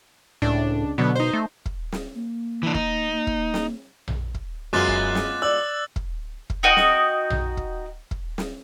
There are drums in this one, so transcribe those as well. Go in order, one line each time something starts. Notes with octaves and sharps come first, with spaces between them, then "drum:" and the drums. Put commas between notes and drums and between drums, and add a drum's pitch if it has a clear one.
C#2 A2 D4
B2 D3 F#3 B3
D#4 C5
A3
drum: kick
drum: snare
A#3
E3 D4
D#4, drum: kick
A#3
drum: kick
drum: snare
drum: tom A#1
drum: kick
F#2 G#3 B3 F4 D6 F#6 A6
drum: kick
drum: snare
C#5 D5 D6 E6 F#7
drum: kick
drum: kick
D#4 F#4 D#5 G5
drum: snare
drum: tom A#1
drum: kick
drum: kick
drum: snare